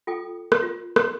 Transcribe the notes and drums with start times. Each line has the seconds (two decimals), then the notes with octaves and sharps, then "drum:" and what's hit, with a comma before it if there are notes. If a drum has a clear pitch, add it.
0.07 F4 A4 G5 D#6
0.52 drum: rim click
0.62 F4
0.96 drum: rim click